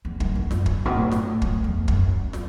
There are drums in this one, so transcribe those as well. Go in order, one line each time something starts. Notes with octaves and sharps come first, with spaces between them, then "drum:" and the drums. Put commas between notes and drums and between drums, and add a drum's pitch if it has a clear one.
E2
F#2, drum: kick
E2
F#2, drum: snare
drum: kick
B2
A2
drum: snare
F#2, drum: kick
E2
F#2, drum: kick
drum: snare